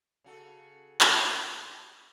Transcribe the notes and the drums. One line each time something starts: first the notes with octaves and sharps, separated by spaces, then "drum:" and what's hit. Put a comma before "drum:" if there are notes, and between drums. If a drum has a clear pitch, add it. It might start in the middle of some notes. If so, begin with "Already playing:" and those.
C#3 F#4 A4
drum: clap